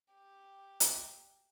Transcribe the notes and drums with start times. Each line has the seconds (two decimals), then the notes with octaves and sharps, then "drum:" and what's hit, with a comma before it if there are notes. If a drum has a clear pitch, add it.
0.13 G4
0.80 drum: hi-hat